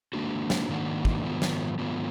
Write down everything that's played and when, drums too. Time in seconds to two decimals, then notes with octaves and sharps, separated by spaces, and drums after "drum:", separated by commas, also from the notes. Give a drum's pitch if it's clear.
0.13 G#2 D#3 A#3 D4 F#4
0.50 drum: snare
0.69 G#2 D#3 A#3 D4 F#4
1.05 drum: kick
1.24 G#2 D#3 F#3 B3 F4
1.42 drum: snare
1.79 G#2 D#3 F#3 B3 F4